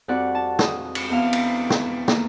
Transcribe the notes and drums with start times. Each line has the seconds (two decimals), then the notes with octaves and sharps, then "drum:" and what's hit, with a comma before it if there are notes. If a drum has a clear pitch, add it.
0.08 F2 G3 C4 F#4 D5 F#5
0.35 A5
0.59 G#3 D#6, drum: snare
0.95 drum: cymbal
1.10 E2 F5
1.33 drum: cymbal
1.70 drum: snare
2.08 A#3, drum: snare